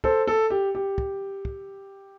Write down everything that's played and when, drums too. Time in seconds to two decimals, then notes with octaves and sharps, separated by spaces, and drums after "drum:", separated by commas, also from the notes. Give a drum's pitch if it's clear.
0.04 A4 C5, drum: kick
0.27 A4
0.50 G4
0.75 G4
0.98 drum: kick
1.45 drum: kick